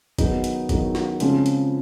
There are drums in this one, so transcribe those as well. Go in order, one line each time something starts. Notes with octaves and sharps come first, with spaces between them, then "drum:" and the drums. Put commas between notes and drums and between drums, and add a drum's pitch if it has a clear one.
D#3 F#3 B3 D#4 G#4, drum: kick, hi-hat
drum: hi-hat
D#3 F#3 B3 D#4 G#4, drum: kick, hi-hat
drum: snare
C#3 F3 G#3 C4 F4, drum: hi-hat
drum: hi-hat